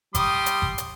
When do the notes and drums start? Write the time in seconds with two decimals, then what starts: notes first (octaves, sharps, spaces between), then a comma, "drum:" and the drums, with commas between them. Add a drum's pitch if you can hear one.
0.15 G3 C6 D#6, drum: kick G#1, hi-hat
0.46 drum: hi-hat
0.62 drum: kick G#1
0.78 drum: hi-hat